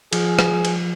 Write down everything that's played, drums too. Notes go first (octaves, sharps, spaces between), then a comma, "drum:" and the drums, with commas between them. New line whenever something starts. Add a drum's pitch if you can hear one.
F3 G#4, drum: cymbal
drum: rim click
drum: cymbal